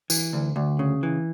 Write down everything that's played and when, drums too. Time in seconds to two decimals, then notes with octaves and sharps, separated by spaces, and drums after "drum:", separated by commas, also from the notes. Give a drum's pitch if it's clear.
0.10 E3, drum: tambourine
0.33 D2
0.56 D2
0.79 C#3
1.03 E3